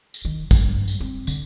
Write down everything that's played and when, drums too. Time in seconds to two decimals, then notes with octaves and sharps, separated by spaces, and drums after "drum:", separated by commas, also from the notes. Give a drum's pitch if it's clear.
0.14 drum: tambourine
0.25 D#3
0.51 G2, drum: kick, tambourine
0.88 drum: tambourine
1.00 C4
1.27 D3, drum: tambourine